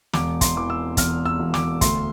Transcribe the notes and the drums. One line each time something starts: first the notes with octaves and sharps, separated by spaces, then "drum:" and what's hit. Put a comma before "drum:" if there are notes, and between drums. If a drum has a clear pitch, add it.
E1 D6, drum: snare
C6, drum: kick, hi-hat
E3 D6
E6
E2 F6, drum: kick, hi-hat
E6
E1
D6, drum: snare
D2 C6, drum: kick, hi-hat